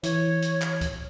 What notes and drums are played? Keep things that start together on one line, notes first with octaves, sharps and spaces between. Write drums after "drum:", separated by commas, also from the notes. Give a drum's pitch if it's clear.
E3 C#5, drum: hi-hat
drum: hi-hat
drum: clap
drum: kick C#2, hi-hat